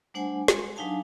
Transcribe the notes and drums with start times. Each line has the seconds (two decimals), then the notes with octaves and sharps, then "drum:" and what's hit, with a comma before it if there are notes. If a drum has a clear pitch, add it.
0.14 G3 A3 D4 C5 F#5 G#5
0.48 G#3 C6, drum: snare
0.76 F#3 D4 D#4 F5 G#5 A5